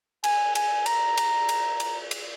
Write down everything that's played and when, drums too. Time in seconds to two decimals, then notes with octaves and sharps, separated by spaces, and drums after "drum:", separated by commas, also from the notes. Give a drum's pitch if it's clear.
0.24 G#5, drum: cymbal
0.55 G#5, drum: cymbal
0.86 A#5, drum: cymbal
1.17 drum: cymbal
1.49 drum: cymbal
1.80 drum: cymbal
2.11 drum: cymbal